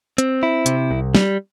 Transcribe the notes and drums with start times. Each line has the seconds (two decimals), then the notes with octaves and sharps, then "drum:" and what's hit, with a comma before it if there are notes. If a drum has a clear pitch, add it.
0.18 C4, drum: hi-hat
0.43 E4
0.66 C3, drum: hi-hat
0.91 C2
1.15 G3, drum: snare